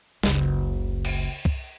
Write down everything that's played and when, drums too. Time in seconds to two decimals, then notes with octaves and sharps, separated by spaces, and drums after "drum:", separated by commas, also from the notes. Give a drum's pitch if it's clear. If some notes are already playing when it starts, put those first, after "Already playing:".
0.23 F#1 C#2, drum: snare
1.05 drum: cymbal
1.45 drum: kick